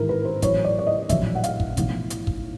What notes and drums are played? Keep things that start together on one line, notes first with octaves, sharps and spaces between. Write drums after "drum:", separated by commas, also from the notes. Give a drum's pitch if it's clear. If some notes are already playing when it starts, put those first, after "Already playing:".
Already playing: A1 G#2 D#3 E4 A#4
B4
C5
A1 A2 F#3 C#5, drum: kick, hi-hat
D5
D5
D#5
A#1 A2 F#3 E5, drum: kick, hi-hat
F#5
F5, drum: hi-hat
drum: kick
B1 A2 F3, drum: kick, hi-hat
drum: hi-hat
drum: kick